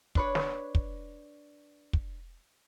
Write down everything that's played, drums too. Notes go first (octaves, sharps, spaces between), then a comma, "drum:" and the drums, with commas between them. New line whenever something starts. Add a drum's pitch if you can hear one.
D4 B4 C#5, drum: kick
drum: snare
drum: kick
drum: kick